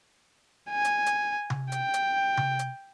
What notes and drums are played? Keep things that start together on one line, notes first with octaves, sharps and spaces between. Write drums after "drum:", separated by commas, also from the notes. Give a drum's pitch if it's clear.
G#5
drum: hi-hat
drum: hi-hat
drum: tom C3
G5, drum: hi-hat
drum: hi-hat
drum: tom C3
drum: hi-hat